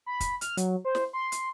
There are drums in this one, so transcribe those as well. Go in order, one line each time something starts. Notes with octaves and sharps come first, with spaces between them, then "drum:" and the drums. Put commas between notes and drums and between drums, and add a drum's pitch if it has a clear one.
B5
drum: kick, hi-hat
F6, drum: hi-hat
F#3, drum: hi-hat
C5
drum: snare
C6
drum: hi-hat